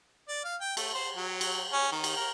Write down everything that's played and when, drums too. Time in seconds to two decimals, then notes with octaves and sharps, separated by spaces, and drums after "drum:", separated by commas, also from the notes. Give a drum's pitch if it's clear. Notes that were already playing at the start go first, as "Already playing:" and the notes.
0.28 D5
0.44 F5
0.61 G5
0.77 A3, drum: cymbal
0.94 C5
1.16 F#3
1.41 drum: cymbal
1.72 C#4
1.92 D#3
2.04 drum: cymbal
2.16 A#4